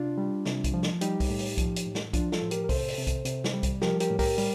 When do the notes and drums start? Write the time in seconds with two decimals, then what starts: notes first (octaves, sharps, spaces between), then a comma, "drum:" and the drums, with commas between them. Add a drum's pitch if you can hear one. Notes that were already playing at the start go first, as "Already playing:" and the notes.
Already playing: C3 D4 F4
0.18 G3
0.45 C3, drum: snare
0.64 drum: kick B1, hi-hat
0.74 F3
0.83 drum: snare
1.01 G3 D#4 G4, drum: hi-hat
1.20 drum: kick B1, open hi-hat
1.30 A2
1.39 drum: open hi-hat
1.58 F3, drum: kick B1, hi-hat
1.76 drum: hi-hat
1.86 A2
1.95 drum: snare
2.13 F3 D4 F4, drum: kick B1, hi-hat
2.32 F4 A4, drum: snare
2.42 A2
2.51 G4 A#4, drum: hi-hat
2.64 A#4
2.69 C3 A4 C5, drum: kick B1, open hi-hat
2.88 drum: open hi-hat
2.98 C3
3.07 drum: kick B1, hi-hat
3.25 C3, drum: hi-hat
3.44 drum: snare
3.53 G3
3.63 drum: kick B1, hi-hat
3.82 F3 G4 A#4, drum: snare
4.00 G4 A#4, drum: hi-hat
4.10 A2
4.19 G4 A#4, drum: kick B1, open hi-hat
4.38 G3, drum: open hi-hat